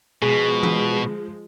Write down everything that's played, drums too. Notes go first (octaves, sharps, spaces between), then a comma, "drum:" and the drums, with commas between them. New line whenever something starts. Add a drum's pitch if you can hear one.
B2 F3 G#3 G#4
drum: tom E3